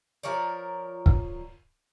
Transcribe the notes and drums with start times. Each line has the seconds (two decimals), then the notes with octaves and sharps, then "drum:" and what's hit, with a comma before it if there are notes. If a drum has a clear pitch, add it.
0.23 F3 A#4 C#5 D5
1.06 drum: kick